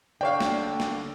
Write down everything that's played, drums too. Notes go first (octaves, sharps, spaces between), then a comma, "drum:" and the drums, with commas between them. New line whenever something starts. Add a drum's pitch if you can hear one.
D3 D4 C#5 F5 G5
drum: snare
drum: snare